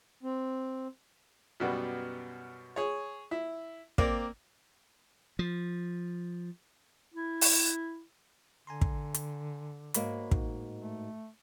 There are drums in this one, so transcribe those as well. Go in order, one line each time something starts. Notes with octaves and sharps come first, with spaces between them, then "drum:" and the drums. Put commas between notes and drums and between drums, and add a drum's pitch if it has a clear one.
C4
F#2 B2 G3 B3
G#4 C#5
E4
A#3 C4 A#4 D5, drum: kick
F3
E4
drum: open hi-hat
D3 G#5 A#5 C6
drum: kick
drum: hi-hat
G#2 A#3 F#4 C#5 B5, drum: hi-hat
A2 D#4 F#4, drum: kick
A3